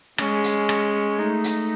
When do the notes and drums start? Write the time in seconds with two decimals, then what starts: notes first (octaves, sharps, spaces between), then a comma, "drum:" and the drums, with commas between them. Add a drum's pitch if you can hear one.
0.18 G#3 C#4, drum: rim click
0.44 drum: hi-hat
0.69 drum: rim click
1.19 A3 D#4
1.44 drum: hi-hat